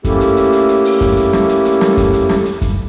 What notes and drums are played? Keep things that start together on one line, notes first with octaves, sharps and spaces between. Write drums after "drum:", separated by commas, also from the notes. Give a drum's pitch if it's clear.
A3 A#3 C#4 E4 G4 A4, drum: kick F#2, hi-hat
drum: hi-hat
drum: hi-hat
drum: hi-hat
drum: hi-hat
drum: open hi-hat
drum: kick F#2, hi-hat
drum: hi-hat
drum: snare
drum: hi-hat
drum: hi-hat
drum: snare
drum: kick F#2, hi-hat
drum: hi-hat
drum: snare
drum: hi-hat
drum: kick F#2, hi-hat